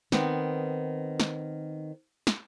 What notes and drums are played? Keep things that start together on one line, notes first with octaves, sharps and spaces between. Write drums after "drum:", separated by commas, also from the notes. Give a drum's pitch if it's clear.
D#3 B3 C4, drum: snare
drum: snare
drum: snare